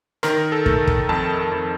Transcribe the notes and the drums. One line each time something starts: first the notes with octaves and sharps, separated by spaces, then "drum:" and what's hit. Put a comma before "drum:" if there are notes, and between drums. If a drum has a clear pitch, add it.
D#3 A#4, drum: rim click
A4
A3, drum: kick
drum: kick
F2 A5
F2